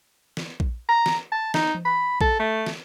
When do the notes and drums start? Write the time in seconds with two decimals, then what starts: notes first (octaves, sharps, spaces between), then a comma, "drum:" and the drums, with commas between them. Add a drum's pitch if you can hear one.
0.37 drum: snare
0.60 drum: kick A#1
0.89 A#5
1.06 drum: snare
1.32 A5
1.54 D#4, drum: snare
1.75 drum: tom E3
1.85 B5
2.21 A4, drum: kick A#1
2.40 A3
2.67 drum: snare